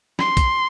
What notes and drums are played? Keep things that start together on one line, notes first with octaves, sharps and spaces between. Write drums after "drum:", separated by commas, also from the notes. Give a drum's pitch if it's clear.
C6, drum: snare
drum: kick B1, hi-hat